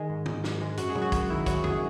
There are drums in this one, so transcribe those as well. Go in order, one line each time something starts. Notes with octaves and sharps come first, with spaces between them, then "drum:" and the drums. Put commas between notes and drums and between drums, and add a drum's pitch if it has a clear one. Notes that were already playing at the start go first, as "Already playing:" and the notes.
Already playing: D#3 G#3
G#2
G#2, drum: tom
G#2, drum: snare
G#3
F#2 F#4, drum: hi-hat
G#4
F#3, drum: tom
F#4
F#2, drum: kick, hi-hat
D#3 E4
F#3 F#4, drum: kick, hi-hat
F#2 G#4, drum: tom F2